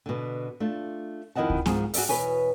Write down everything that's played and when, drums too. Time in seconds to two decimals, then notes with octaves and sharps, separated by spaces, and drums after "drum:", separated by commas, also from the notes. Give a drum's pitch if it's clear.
0.06 B2 D3
0.60 A3 D4 F4
1.35 F2 D#3 E4 D#5 F#5 A5
1.50 drum: kick C#2
1.66 G#2 F3 F#4 G#4, drum: snare
1.94 F#4 G#4 C#5 D5 E5, drum: open hi-hat
2.09 E2 B2 B4 C#5 G#5